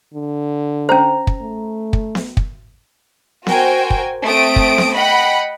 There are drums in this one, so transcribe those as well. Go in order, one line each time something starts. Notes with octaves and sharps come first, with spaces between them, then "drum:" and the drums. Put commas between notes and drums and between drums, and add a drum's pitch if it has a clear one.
D3
C#4 C5 A#5
drum: kick
A3
drum: kick
drum: snare B3
drum: kick
F#4 A#4 C5 G5 G#5, drum: snare B3
drum: kick
A3 C4 D#6 D7
drum: kick
drum: snare B3
D#5 F#5 G5 B5